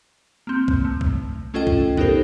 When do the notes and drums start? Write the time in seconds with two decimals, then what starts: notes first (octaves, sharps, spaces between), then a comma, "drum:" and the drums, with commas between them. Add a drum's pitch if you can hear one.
0.47 A#3 C4
0.68 drum: kick C2
0.85 A3
1.01 drum: kick C2
1.54 A3 C#4 F4 A4 D#5 G5
1.67 drum: kick C2
1.97 B3 D#4 G4 A4 A#4 C5, drum: kick C2